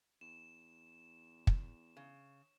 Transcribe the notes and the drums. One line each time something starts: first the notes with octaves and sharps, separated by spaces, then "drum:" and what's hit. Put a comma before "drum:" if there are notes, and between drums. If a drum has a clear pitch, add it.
E2 E7
drum: kick
C#3